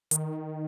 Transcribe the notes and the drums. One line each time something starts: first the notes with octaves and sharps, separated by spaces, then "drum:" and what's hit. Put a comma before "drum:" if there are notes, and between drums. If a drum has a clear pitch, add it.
D#3, drum: hi-hat